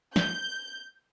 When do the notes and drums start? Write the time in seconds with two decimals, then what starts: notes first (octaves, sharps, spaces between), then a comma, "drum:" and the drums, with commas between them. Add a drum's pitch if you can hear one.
0.16 G6, drum: snare